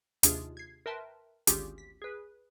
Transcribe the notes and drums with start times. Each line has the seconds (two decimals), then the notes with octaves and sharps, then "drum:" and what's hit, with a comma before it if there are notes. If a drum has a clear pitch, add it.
0.23 D#2 C3 D4 F4 G#4, drum: hi-hat
0.57 G#6 C7
0.86 A#4 B4 E5 G5 A5 C6
1.47 G#1 D2 C#4 F4 G4 G#4, drum: hi-hat
1.78 B6
2.02 G#4 B4